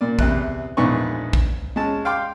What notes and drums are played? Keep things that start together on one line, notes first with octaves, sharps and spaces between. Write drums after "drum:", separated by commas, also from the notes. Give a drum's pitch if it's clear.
A#2 D5
E2 C3 F#6, drum: kick A#1
A#1 E2 G#2 B3 D5 C#6
drum: kick A#1
G#3 C#4 A5
F5 G5 C6 D6